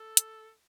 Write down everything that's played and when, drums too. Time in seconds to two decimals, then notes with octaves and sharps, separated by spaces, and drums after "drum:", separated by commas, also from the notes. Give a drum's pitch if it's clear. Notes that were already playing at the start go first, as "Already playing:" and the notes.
Already playing: A4
0.17 drum: hi-hat